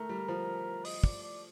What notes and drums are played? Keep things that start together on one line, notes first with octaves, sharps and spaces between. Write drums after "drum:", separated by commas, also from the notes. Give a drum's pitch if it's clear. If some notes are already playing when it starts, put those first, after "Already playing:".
Already playing: A3 A#4
G3
F3
D#5, drum: open hi-hat
D5, drum: kick
D5